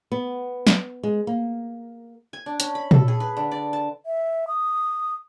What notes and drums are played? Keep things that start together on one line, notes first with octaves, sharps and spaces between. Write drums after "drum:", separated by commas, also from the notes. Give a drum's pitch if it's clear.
B3
drum: snare
G#3
A#3
G#5
D4
C#4, drum: hi-hat
B5
A4, drum: tom
G#4
B4
D3
D5
A5
E5
D#6